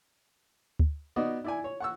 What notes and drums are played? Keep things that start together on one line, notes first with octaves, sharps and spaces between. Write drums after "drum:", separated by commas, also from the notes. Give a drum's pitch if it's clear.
drum: kick D2
B3 D#4 F#4 D5 D#5
E4 D5 G#5
C#5
F#5 C#6 E6